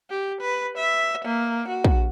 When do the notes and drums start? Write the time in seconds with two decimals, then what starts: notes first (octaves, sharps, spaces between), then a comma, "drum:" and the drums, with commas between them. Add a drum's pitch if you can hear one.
0.10 G4
0.41 B4
0.77 E5
1.24 A#3
1.68 F#4
1.84 drum: kick